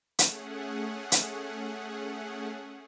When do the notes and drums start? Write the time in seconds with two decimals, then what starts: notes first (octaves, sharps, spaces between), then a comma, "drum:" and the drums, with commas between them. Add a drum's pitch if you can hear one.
0.19 A3 C#4 G#4 F#5, drum: hi-hat
1.12 drum: hi-hat